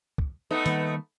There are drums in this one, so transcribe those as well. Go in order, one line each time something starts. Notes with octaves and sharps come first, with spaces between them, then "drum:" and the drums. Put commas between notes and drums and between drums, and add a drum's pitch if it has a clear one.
drum: kick
A3 B3 D#4
D#3 G3 A#3, drum: hi-hat